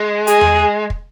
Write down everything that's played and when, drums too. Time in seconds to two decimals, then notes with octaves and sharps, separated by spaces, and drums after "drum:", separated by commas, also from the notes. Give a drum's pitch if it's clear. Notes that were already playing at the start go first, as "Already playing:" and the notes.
Already playing: G#3
0.27 G#4, drum: hi-hat
0.41 drum: tom E2
0.90 drum: kick